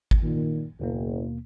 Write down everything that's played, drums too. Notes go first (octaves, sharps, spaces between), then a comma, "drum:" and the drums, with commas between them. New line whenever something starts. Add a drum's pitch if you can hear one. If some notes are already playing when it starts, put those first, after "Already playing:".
drum: kick G#1
A#2 D#3
F#1 D#2 B2 A#3